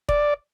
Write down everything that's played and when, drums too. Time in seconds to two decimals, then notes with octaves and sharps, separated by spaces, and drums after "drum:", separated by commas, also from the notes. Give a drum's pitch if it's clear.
0.09 D5, drum: kick E1